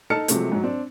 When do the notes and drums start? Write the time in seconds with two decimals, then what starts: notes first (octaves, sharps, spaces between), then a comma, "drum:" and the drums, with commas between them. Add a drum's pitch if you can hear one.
0.10 D#4 A4 A5 F6 C#7
0.28 C3 F3 F#3 G#3 A3, drum: hi-hat
0.52 G#2 F#3
0.64 C4 D4